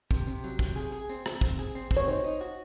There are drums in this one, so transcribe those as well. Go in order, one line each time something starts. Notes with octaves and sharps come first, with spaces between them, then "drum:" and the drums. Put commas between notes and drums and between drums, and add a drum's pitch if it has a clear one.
C3, drum: kick, tambourine
C3, drum: tambourine
F#3, drum: tambourine
C3, drum: kick, tambourine
G#4, drum: tambourine
G#4, drum: tambourine
C4, drum: tambourine
C4, drum: rim click
C4, drum: kick, tambourine
G#4, drum: tambourine
C4, drum: tambourine
C4, drum: kick, tambourine
C#5
D#4 C5, drum: tambourine
D#4, drum: tambourine
F#4